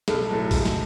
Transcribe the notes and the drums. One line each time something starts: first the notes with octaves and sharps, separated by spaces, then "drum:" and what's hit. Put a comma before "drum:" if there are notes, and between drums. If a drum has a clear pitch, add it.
B1 A4, drum: snare
A2 F#3 A3
C#2 A4, drum: kick, open hi-hat
drum: snare